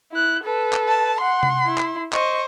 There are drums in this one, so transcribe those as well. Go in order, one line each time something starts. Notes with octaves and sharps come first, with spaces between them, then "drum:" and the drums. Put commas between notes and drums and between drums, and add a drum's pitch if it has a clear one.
E4 F#6
A4 B4
drum: clap
A5
F#5 C6
drum: tom C3
E4
drum: clap
C5 D#5 C#6, drum: clap